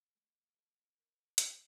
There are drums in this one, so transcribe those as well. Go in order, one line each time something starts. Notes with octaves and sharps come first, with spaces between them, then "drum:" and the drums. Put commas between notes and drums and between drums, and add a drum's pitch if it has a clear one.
A3
A4
A#4
D#3, drum: hi-hat